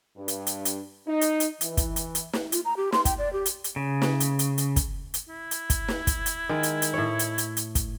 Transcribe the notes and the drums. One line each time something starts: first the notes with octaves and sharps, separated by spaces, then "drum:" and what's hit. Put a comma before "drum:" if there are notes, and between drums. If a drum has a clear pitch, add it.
G2
drum: hi-hat
drum: hi-hat
drum: hi-hat
D#4
drum: hi-hat
drum: hi-hat
E3, drum: hi-hat
drum: kick, hi-hat
drum: hi-hat
drum: hi-hat
drum: snare
F4, drum: hi-hat
A#5
G4
C6, drum: snare
G5, drum: kick, hi-hat
D5
G4
drum: hi-hat
drum: hi-hat
C#3
drum: snare
drum: hi-hat
drum: hi-hat
drum: hi-hat
drum: kick, hi-hat
drum: hi-hat
E4
drum: hi-hat
drum: kick, hi-hat
drum: snare
drum: kick, hi-hat
drum: hi-hat
D#3 G#3
drum: hi-hat
drum: hi-hat
A2 C#5
drum: hi-hat
drum: hi-hat
drum: hi-hat
drum: kick, hi-hat